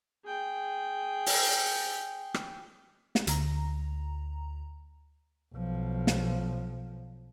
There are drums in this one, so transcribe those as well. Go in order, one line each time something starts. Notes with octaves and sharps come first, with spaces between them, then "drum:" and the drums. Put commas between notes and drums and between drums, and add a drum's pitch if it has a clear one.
G#4 G5
drum: open hi-hat
drum: rim click
drum: snare
D2 A#5, drum: hi-hat
B1 F3
drum: snare